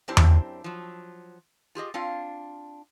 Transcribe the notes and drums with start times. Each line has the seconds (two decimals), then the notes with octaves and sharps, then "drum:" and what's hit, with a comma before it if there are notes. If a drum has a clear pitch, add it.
0.08 F#2 C4 D4 E4 G4 C5
0.17 drum: tom E2
0.64 F3 F#3
1.75 F4 G4 G#4 D#5
1.94 C4 D4 F4 F5